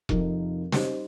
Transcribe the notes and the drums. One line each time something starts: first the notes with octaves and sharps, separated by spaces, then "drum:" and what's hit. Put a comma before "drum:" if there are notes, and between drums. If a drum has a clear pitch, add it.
F2 C3 F3 D#4 A#4, drum: kick E1
G3 D#4 G4 C5 D#5, drum: snare